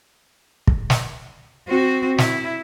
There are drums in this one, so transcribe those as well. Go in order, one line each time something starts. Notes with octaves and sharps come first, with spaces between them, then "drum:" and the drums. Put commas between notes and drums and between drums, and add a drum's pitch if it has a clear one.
drum: kick
drum: snare
C4 F#4
E4, drum: snare